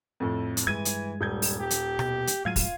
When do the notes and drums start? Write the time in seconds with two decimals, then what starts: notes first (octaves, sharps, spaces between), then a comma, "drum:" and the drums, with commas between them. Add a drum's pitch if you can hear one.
0.20 F2 A2
0.57 drum: hi-hat
0.67 G2 E3 G#3 G#6 D#7
0.85 drum: hi-hat
1.21 D#1 G3 G6 G#6
1.42 drum: open hi-hat
1.59 G4
1.71 drum: hi-hat
1.99 B2, drum: rim click
2.27 drum: hi-hat
2.45 A2 F#3 G#3 F4 F5 G#6 D#7
2.56 drum: kick, open hi-hat